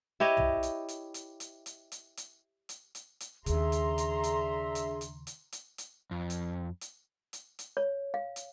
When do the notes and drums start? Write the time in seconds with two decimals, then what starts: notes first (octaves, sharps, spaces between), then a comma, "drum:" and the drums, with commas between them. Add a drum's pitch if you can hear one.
0.20 E4 G4 C#5 D#5
0.37 drum: tom
0.63 drum: hi-hat
0.89 drum: hi-hat
1.14 drum: hi-hat
1.40 drum: hi-hat
1.66 drum: hi-hat
1.92 drum: hi-hat
2.17 drum: hi-hat
2.69 drum: hi-hat
2.95 drum: hi-hat
3.20 drum: hi-hat
3.46 D#2 C#3 D4 G#4 E5 A#5 C6, drum: hi-hat
3.72 drum: hi-hat
3.98 drum: hi-hat
4.24 drum: hi-hat
4.75 drum: hi-hat
5.01 drum: hi-hat
5.27 drum: hi-hat
5.52 drum: hi-hat
5.78 drum: hi-hat
6.11 F2
6.30 drum: hi-hat
6.81 drum: hi-hat
7.33 drum: hi-hat
7.59 drum: hi-hat
7.77 C#5
8.14 F5
8.36 drum: hi-hat